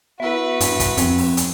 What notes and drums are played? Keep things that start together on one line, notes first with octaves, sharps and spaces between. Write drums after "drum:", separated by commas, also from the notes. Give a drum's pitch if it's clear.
B3 E4 F#4 B4 E5
G2, drum: hi-hat
drum: kick, hi-hat
F2 F3 C4, drum: hi-hat
drum: open hi-hat
drum: hi-hat